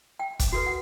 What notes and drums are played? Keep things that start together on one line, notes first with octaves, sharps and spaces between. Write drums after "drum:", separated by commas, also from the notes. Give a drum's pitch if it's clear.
G5
drum: kick, hi-hat
F#4 A4 B4 C7
F#5